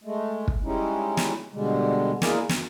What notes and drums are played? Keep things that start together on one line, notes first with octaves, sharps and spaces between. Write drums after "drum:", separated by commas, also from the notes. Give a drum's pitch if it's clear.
G#3 A3
drum: kick
G3 G#3 C#4 D#4 E4
drum: snare
B2 D3 G3 G#3
G#3 A#3 E4 G#4 A#4 D5, drum: snare
F#2, drum: snare